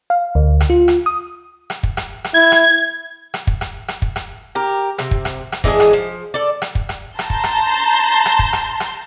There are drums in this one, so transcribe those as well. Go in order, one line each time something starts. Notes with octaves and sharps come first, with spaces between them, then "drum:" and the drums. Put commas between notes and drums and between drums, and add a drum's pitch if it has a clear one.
F5
D2
drum: rim click
F4
drum: rim click
D#6
drum: rim click
drum: kick
drum: rim click
drum: rim click
E4 G#6
drum: rim click
drum: rim click
drum: kick
drum: rim click
drum: rim click
drum: kick
drum: rim click
G4 A#4
C3, drum: rim click
drum: kick
drum: rim click
drum: rim click
E3 G#3 D4 G#4, drum: kick
drum: rim click
F3
A4 D5
drum: rim click
drum: kick
drum: rim click
A5 A#5 C6 G6, drum: rim click
drum: kick
drum: rim click
drum: rim click
drum: kick
drum: rim click
drum: rim click